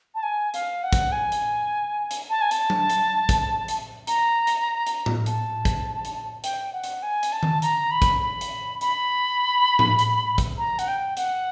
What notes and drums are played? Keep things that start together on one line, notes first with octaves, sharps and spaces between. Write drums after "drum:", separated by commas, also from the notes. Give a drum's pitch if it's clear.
A5
G#5
F5, drum: hi-hat
F#5
drum: kick, hi-hat
G#5
drum: hi-hat
drum: hi-hat
A5
G#5
A5, drum: hi-hat
drum: tom F#3
drum: hi-hat
drum: kick, hi-hat
drum: hi-hat
A#5, drum: hi-hat
drum: hi-hat
drum: hi-hat
drum: tom A2
A5, drum: hi-hat
drum: kick, hi-hat
drum: hi-hat
G5, drum: hi-hat
F#5
drum: hi-hat
G#5
drum: hi-hat
A5
drum: tom D#3
A#5, drum: hi-hat
B5
drum: kick, hi-hat
B5
drum: hi-hat
B5, drum: hi-hat
drum: tom A2
drum: hi-hat
drum: kick, hi-hat
A#5
F#5, drum: hi-hat
G5
F#5, drum: hi-hat